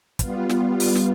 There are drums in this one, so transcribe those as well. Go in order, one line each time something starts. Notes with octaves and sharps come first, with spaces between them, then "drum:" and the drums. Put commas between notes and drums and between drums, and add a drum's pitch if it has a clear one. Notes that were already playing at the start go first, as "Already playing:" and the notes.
G3 B3 F4, drum: kick, hi-hat
drum: snare
drum: open hi-hat
drum: snare